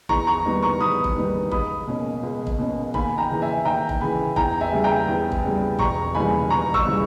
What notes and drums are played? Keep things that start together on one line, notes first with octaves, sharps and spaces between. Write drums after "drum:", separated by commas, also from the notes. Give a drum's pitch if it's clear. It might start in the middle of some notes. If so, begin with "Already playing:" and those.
E2 A#5 C#6, drum: kick G#1
A#5 C#6
D#3 G3 B3
A#5 C#6
E2 B5 D#6
drum: kick G#1
D#3 G3 B3
C#2 B5 D#6, drum: kick G#1
B2 A#3 C#4
C#2
drum: kick G#1
B2 A#3 C#4
D#2 G#5 B5, drum: kick G#1
G5 A#5
C#3 E3
E5 G#5
D#2 G5 A#5
drum: kick G#1
C#3 E3 G#5 B5
E2 G5 A#5, drum: kick G#1
E5 G#5
C#3 G3
G5 A#5
E2
drum: kick G#1
C#3 G3
E1 A#5 C#6, drum: kick G#1
D#2 C#3 E3 G3 G#5 B5
E1 A#5 C#6
C#6 E6, drum: kick G#1
C#3 E3 G3